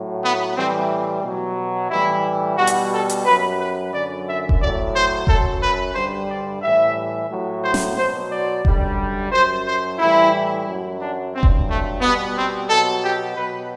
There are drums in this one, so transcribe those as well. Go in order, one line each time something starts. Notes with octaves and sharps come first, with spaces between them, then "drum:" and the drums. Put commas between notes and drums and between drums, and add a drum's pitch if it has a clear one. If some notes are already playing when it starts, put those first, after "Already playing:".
Already playing: A2 F#3
B3
A2 E3 G3 C4
B2 F#3
A2 E3 G3 E4
B2 G3 F#4
drum: hi-hat
A4
drum: hi-hat
F#2 F#3 B4
B4
F#2 D3 F#3 D5
E5
drum: kick F1
A2 F#3 D5
C5
F#2 F#3 A4, drum: kick F1
B4
G2 D3 G3 C5
D5
A2 E3 G3 E5
A2 F#3
C5
drum: snare
B2 F#3 C5
D5
F#2 D3 G3, drum: kick F1
F#2 F#3 C5
C5
A2 E3 G3 E4
F#2 F#3
D4
G2 F#3 C4
drum: kick F1
A3
B2 G3 B3
C4
B2 F#3 A4
G4
B2 F#3 B4